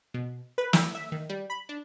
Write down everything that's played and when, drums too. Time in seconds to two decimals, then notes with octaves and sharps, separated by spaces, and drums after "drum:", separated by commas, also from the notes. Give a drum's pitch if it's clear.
0.14 B2
0.58 B4
0.73 E4, drum: snare
0.95 E5
1.12 D#3
1.29 G3
1.50 B5
1.69 D4